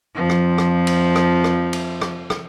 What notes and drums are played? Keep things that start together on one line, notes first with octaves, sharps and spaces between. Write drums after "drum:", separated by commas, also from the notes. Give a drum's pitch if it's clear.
F2 F3
drum: rim click
drum: rim click
drum: cymbal
drum: rim click
drum: rim click
drum: cymbal
drum: rim click
drum: rim click